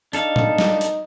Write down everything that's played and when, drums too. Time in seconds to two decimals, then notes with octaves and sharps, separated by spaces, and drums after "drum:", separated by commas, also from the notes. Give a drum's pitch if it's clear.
0.13 D4 D#4 A4 F5, drum: hi-hat
0.36 drum: tom A2
0.58 drum: snare
0.81 drum: hi-hat